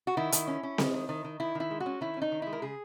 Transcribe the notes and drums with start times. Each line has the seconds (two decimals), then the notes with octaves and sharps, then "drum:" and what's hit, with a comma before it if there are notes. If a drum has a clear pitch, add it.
0.07 F#4
0.17 D#3 E4
0.32 D#3, drum: hi-hat
0.48 C#4
0.63 C#4
0.78 G#3, drum: snare C4
0.93 D#3
1.09 D#3
1.24 D#3
1.40 D#3 E4
1.55 D#3 E4
1.71 G#3
1.80 F#4
1.86 C#4
2.01 D#3 E4
2.17 C#4 D#4
2.32 D#3
2.42 G#3 E4
2.53 A#4
2.62 C#3 G#4